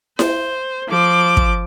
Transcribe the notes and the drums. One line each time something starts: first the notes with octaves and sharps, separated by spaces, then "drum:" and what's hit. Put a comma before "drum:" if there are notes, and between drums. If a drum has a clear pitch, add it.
C5, drum: snare E4
F3 D6
drum: kick